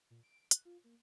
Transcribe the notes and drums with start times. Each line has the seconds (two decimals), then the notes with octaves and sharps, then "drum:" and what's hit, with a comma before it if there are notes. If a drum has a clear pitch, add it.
0.10 A#2
0.23 D7
0.51 F#6, drum: hi-hat
0.65 F4
0.84 A#3